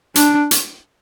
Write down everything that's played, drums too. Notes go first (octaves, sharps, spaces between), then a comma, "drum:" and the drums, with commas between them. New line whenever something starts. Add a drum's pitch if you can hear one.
D4, drum: hi-hat
drum: hi-hat